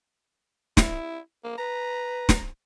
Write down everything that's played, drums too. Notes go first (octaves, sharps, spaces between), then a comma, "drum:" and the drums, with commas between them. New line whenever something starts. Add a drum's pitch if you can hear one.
E4, drum: snare
A#3
B4 A#5
drum: snare